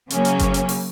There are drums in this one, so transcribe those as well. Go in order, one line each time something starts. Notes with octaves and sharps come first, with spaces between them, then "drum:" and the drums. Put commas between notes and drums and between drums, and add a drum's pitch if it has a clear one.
C#3 F#3 A#3 C#4, drum: hi-hat
drum: hi-hat
drum: kick G1, hi-hat
drum: hi-hat
drum: open hi-hat